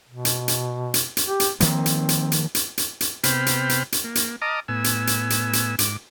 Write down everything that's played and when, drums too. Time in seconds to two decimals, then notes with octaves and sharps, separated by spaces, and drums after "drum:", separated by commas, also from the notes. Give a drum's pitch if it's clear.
0.09 B2
0.25 drum: hi-hat
0.48 drum: hi-hat
0.94 drum: hi-hat
1.17 drum: hi-hat
1.27 G4
1.40 drum: hi-hat
1.60 D#3 F3 A#3 C4, drum: hi-hat
1.86 drum: hi-hat
2.09 drum: hi-hat
2.32 drum: hi-hat
2.55 drum: hi-hat
2.78 drum: hi-hat
3.01 drum: hi-hat
3.23 C3 B3 C5 G5 B5 F6, drum: hi-hat
3.46 drum: hi-hat
3.69 drum: hi-hat
3.92 drum: hi-hat
4.04 A#3
4.15 drum: hi-hat
4.42 D#5 A5 A#5 D6 D#6 F6
4.68 A2 B3 G#5 E6
4.84 drum: hi-hat
5.07 drum: hi-hat
5.30 drum: hi-hat
5.53 drum: hi-hat
5.79 G#2 D6, drum: hi-hat